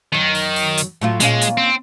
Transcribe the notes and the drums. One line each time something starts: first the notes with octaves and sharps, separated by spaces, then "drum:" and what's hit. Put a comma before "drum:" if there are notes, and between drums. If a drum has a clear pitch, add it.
F#2 D#3 F#3
drum: open hi-hat
drum: open hi-hat
drum: hi-hat
A2 F#3 F4
A#2 G#3 C#4 F4, drum: hi-hat
drum: hi-hat
C4